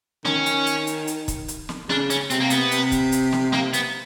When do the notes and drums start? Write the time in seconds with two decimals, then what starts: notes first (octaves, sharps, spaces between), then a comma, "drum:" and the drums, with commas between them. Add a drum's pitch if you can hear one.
0.25 D#3 C#4, drum: snare
0.46 drum: hi-hat
0.66 drum: hi-hat
0.87 drum: hi-hat
1.07 drum: hi-hat
1.28 drum: kick, hi-hat
1.48 drum: hi-hat
1.69 drum: snare
1.89 C#3 D4, drum: snare
2.10 C#4, drum: hi-hat
2.30 C3 C4, drum: hi-hat
2.40 A#3
2.50 B3, drum: hi-hat
2.71 C3, drum: hi-hat
2.92 drum: kick, hi-hat
3.12 drum: hi-hat
3.33 drum: snare
3.53 A#3, drum: snare
3.73 B3, drum: hi-hat